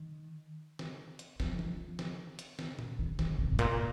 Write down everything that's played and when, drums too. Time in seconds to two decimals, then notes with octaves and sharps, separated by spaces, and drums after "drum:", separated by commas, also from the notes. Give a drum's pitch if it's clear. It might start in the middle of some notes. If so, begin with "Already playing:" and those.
Already playing: D#3
0.79 drum: snare
1.19 drum: hi-hat
1.40 F3, drum: snare
1.59 drum: tom
1.99 drum: snare
2.39 drum: hi-hat
2.59 drum: snare
2.79 drum: tom A#2
2.99 D#3
3.19 D#3, drum: snare
3.38 C3
3.52 G#2
3.59 A#2, drum: hi-hat